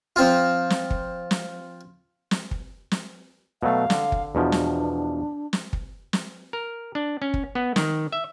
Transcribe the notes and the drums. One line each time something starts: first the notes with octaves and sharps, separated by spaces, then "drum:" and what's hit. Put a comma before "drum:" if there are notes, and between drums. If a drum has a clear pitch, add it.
F3 C4 F4
drum: snare
drum: kick
drum: snare
drum: snare
drum: kick
drum: snare
B2 F#3 A3 F5
D3, drum: snare
drum: kick
E2 B2 F3 D4
drum: snare
drum: snare
drum: kick
drum: snare
A#4
D4
C#4
drum: kick
B3
D#3, drum: snare
E5